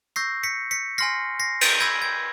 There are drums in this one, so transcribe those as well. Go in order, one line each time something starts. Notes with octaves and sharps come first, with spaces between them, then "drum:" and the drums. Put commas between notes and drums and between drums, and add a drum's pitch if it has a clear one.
C#6 E6 G6 A#6 C7
B6 C#7
B6 C#7
G#5 C6 F6 A#6 C7
A#6 C7
drum: cymbal
B5 E6 G6 G#6 A#6
G#6